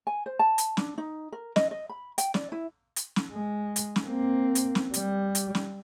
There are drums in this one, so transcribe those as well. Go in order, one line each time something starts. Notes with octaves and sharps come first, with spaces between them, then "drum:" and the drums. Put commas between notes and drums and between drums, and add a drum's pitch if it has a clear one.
G#5
C5
A5
drum: hi-hat
D4, drum: snare
D#4
A#4
D#5, drum: snare
D#5
B5
G5, drum: hi-hat
D5, drum: snare
E4
drum: hi-hat
drum: snare
G#3
drum: hi-hat
drum: snare
A#3 C4
drum: hi-hat
drum: snare
G3, drum: hi-hat
drum: hi-hat
drum: snare